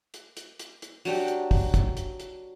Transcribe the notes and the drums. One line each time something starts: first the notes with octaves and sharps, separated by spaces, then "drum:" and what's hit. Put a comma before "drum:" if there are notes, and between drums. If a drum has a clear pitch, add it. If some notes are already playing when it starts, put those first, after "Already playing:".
drum: hi-hat
drum: hi-hat
drum: hi-hat
drum: hi-hat
F#3 D4 G4, drum: open hi-hat
drum: hi-hat
drum: kick, open hi-hat
drum: kick, hi-hat
drum: hi-hat
drum: hi-hat